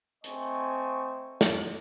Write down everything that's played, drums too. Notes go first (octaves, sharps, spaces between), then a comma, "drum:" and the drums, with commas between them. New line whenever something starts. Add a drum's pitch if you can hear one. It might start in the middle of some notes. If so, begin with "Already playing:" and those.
A3 C4 D#5 G#5 C#6, drum: hi-hat
drum: snare